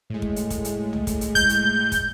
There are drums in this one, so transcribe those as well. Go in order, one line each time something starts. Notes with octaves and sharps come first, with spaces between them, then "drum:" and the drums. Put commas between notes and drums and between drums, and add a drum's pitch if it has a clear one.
A2 G#3
drum: kick
drum: hi-hat
drum: kick, hi-hat
drum: hi-hat
drum: tom
drum: kick, hi-hat
drum: hi-hat
G6, drum: kick, hi-hat
drum: hi-hat
drum: kick, hi-hat